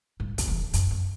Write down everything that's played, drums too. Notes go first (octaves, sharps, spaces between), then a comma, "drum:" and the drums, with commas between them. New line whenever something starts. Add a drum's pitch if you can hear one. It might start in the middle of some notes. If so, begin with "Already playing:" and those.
G2
drum: kick, hi-hat
E2
F#2, drum: hi-hat
F#2